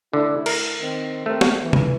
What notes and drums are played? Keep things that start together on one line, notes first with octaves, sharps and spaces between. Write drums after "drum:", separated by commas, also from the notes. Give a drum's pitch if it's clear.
D3 A3 E4
A#4, drum: cymbal
D#3 C4
A3 C4 G4 A#4
drum: snare
E3
drum: tom C3